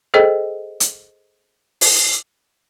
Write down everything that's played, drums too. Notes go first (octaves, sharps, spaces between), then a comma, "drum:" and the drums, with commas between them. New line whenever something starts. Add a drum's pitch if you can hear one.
G#4 A4 C5 D#5 G5
drum: hi-hat
drum: open hi-hat